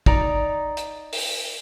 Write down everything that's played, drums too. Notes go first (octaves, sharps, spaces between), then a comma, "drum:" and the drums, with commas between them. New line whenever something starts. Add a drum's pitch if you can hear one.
D#4 D5 A#5, drum: kick
drum: hi-hat
drum: open hi-hat